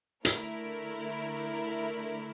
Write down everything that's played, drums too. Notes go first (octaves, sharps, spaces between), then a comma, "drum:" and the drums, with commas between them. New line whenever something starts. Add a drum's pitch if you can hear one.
D3 A3 E4 A#4, drum: hi-hat